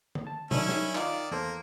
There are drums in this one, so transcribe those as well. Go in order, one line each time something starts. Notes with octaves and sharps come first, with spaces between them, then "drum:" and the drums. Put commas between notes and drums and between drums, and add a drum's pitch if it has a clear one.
drum: tom
A5
D#3 F#3 C#4 D4 E4, drum: tom
drum: snare
D#3 D#4 F4 D5 F5, drum: clap
E2 A#3 A4 C5